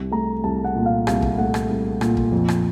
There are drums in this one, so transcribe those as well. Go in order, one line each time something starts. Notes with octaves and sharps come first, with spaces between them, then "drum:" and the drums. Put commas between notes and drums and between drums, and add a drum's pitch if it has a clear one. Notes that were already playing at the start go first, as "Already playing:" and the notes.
Already playing: C2
A3 A#5
C2 A5
F#5
A#2
F5
C2 F5, drum: rim click
drum: kick
A3 F#5
drum: rim click
C2
A#2, drum: rim click
drum: kick
F2
drum: rim click